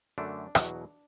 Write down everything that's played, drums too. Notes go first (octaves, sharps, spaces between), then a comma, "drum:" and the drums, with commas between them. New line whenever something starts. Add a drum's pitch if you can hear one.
F#2 D3 A3 D4
E2 B2 F#3, drum: rim click